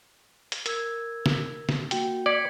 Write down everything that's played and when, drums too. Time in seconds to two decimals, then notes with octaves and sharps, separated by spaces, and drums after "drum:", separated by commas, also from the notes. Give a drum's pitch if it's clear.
0.52 drum: hi-hat
0.66 A#4 E6 G#6, drum: hi-hat
1.26 drum: snare
1.69 drum: snare
1.91 A#3 F#4 G5, drum: hi-hat
2.26 D5 G#6 B6 C#7